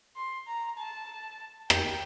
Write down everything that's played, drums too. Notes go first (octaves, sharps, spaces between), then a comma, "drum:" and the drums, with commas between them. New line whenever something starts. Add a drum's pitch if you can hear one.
C6
A#5
A5
G5, drum: rim click